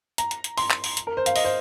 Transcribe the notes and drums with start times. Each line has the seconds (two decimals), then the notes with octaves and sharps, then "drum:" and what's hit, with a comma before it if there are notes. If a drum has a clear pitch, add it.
0.18 A#5, drum: hi-hat
0.31 drum: hi-hat
0.44 drum: hi-hat
0.58 C6, drum: open hi-hat
0.71 drum: clap
0.84 drum: open hi-hat
0.97 drum: hi-hat
1.07 A#4
1.17 C5
1.26 F5, drum: hi-hat
1.36 D#5, drum: open hi-hat
1.45 C5